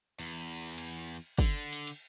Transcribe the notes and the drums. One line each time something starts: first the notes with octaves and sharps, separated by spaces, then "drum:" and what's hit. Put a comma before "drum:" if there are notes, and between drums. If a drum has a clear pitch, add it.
E2
drum: cymbal
D3, drum: kick
drum: hi-hat
drum: cymbal